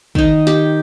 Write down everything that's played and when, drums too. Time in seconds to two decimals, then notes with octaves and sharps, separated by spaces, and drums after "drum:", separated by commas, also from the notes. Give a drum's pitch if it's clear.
0.15 D#3 D#4, drum: kick
0.47 G4, drum: snare